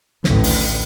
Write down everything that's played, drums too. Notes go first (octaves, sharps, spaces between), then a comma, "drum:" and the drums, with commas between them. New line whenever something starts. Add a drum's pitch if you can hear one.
A1 D2, drum: snare
drum: open hi-hat